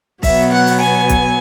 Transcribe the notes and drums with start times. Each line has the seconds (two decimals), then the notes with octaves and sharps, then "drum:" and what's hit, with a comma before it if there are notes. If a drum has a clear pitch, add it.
0.23 B2 F#3 B3 E5, drum: kick B1, open hi-hat
0.52 F#5
0.66 drum: open hi-hat
0.81 G#5
1.09 drum: kick B1, hi-hat